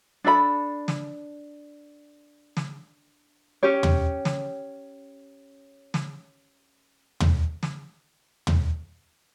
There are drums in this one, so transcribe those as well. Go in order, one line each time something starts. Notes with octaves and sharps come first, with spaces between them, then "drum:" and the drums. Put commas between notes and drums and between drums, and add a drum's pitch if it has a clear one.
D4 A4 E5 B5
drum: snare
drum: snare
C#4 G4 C#5
drum: tom
drum: snare
drum: snare
drum: tom
drum: snare
drum: tom